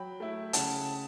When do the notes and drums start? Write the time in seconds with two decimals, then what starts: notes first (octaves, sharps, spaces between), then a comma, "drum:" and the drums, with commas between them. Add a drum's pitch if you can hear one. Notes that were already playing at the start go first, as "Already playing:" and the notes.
Already playing: F#3 G5 B5
0.20 A3 E4
0.53 C#3 F#5 A5, drum: hi-hat